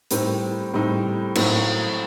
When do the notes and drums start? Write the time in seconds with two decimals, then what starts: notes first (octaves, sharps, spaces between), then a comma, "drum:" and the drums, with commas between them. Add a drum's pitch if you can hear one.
0.11 A2 G3 C4 D#4, drum: hi-hat
0.73 A2 G3 C4 D#4
1.35 A2 F#3 C4 D#4, drum: cymbal